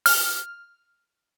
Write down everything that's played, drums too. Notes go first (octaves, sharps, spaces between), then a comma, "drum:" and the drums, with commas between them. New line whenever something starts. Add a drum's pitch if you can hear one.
F6, drum: open hi-hat